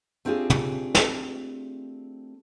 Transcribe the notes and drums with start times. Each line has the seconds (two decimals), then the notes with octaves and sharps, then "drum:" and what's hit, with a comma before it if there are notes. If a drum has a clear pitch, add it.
0.25 A3 C4 D4 F4 G4 G#4
0.50 drum: tom
0.95 drum: snare